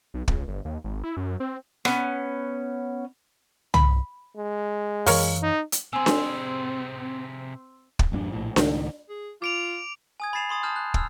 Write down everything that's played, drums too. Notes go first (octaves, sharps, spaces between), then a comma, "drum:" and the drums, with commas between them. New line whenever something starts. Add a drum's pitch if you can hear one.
B1
C#2, drum: kick
G1
D#2
G#1
E4
F#2
C4
B3 C#4, drum: rim click
B5, drum: tom
G#3
F#2 E3 A#4 C#5 F5, drum: open hi-hat
D#4
drum: hi-hat
C3 C4 G#4 G#5 C6 E6
drum: snare D4
drum: kick
A1 F#2 C#4 D4
A#1 A2
C#2 A2 D#3, drum: snare D4
G#4
F4 D6 D7 F7
G#5 D#6 G#6
B5 G#6 A6 C7 E7 F7
B5 C6 D#6 A6
A5 D#6 F6 G6
F#6
E6 F6, drum: kick